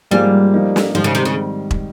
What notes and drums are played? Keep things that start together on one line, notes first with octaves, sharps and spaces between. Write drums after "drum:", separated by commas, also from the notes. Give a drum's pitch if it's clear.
G#2 F3 G3 A#3 F4 G#4
F3 A#3 D#4
drum: snare
G#2 D#3 F3 G3
C#3
C3
C#3
drum: kick